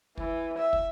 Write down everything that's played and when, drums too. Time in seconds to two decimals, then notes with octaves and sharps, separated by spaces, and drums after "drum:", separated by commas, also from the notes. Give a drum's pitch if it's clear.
0.17 E3, drum: kick
0.58 E5
0.73 drum: kick